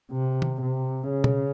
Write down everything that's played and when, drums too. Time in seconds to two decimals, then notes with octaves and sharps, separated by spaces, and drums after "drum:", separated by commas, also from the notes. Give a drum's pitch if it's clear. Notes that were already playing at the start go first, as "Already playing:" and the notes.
0.11 C3
0.42 drum: tom
0.61 C3
1.11 C#3
1.24 drum: tom B2